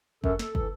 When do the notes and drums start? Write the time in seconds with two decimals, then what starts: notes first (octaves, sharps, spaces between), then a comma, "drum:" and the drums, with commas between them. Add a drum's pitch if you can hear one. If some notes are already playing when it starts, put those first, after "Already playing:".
0.24 F#2 A4, drum: kick
0.39 A4, drum: snare
0.55 E3, drum: kick